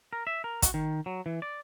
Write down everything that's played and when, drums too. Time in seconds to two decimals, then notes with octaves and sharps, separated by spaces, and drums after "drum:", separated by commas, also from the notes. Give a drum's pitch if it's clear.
0.13 A#4
0.27 E5
0.44 A#4
0.62 F#4, drum: kick, hi-hat
0.74 D#3
1.06 F#3
1.26 E3
1.42 D5